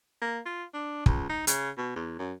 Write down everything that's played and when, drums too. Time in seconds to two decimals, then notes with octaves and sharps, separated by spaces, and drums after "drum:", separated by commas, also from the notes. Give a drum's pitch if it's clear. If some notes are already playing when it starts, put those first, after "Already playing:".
0.21 A#3
0.46 F4
0.74 D4
1.06 C#2, drum: kick
1.30 D#4
1.47 C#3, drum: hi-hat
1.78 B2
1.96 E2
2.19 F#2